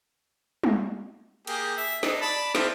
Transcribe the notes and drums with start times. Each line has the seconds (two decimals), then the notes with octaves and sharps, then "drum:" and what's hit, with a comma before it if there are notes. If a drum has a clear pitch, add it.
0.64 drum: tom G3
1.47 A#3 G4 G#4, drum: cymbal
1.77 E5
2.03 D4 D#4, drum: snare
2.21 D5 A5 B5
2.55 C4 E4 F4, drum: snare